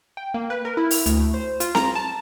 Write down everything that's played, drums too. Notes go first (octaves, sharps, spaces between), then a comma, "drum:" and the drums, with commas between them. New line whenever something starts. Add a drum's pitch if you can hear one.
G5
A#3
B4
A#4
E4
drum: open hi-hat
D2, drum: hi-hat
A3
C5
F4, drum: hi-hat
A#5, drum: snare C4
A5